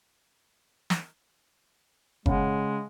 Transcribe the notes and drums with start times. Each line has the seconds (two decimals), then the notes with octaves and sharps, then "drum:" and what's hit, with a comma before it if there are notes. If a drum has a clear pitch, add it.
0.90 drum: snare
2.26 C#3 G#3 F#5, drum: kick F#1